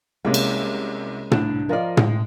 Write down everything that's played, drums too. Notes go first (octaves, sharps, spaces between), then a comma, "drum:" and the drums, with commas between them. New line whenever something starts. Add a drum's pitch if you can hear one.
C2 C3 G#3 A#3 C#4
drum: cymbal
C2 A2 D4, drum: tom
F3 A#4 D5 D#5 F5
A2 G#3, drum: tom